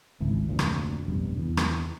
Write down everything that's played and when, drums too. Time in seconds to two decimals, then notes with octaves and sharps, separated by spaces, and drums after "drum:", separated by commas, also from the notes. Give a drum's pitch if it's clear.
0.21 G#1 C#2 E3
0.49 F1 D2 A#2
0.59 drum: rim click
1.08 F1 B1 G2
1.38 E2
1.57 drum: rim click